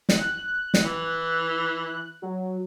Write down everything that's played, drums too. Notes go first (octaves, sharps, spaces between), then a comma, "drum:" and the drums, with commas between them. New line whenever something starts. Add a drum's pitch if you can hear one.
F#6, drum: snare
drum: snare
E3
F#3